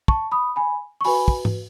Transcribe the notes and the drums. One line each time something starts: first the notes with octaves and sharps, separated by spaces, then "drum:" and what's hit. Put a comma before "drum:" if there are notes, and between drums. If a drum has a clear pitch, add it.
A5 C#6, drum: kick
B5 D#6
G#5 B5
C#6
F#4 B4 G#5 B5, drum: open hi-hat
drum: kick
drum: tom G#2